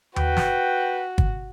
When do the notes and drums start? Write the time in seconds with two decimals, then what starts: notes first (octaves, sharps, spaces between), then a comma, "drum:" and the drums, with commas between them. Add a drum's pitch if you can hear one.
0.16 F#4 B4 G5, drum: tom D#2
0.37 drum: snare
1.18 drum: kick